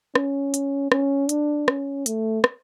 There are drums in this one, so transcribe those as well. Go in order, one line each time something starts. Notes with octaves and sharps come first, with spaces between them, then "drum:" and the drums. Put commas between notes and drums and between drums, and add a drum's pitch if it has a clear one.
C#4, drum: rim click
drum: hi-hat
C#4, drum: rim click
D4, drum: hi-hat
C#4, drum: rim click
A3, drum: hi-hat
drum: rim click